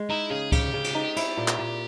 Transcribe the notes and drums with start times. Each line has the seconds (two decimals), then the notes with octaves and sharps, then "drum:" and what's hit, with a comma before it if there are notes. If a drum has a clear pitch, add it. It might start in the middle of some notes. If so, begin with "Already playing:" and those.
Already playing: G#3
0.10 D#4 E4
0.30 C#3 G#4
0.52 C#3 G4, drum: kick C#2, cymbal
0.74 C#3
0.84 drum: cymbal
0.95 D#4
1.16 E4, drum: cymbal
1.37 A#2
1.48 drum: clap
1.59 A#2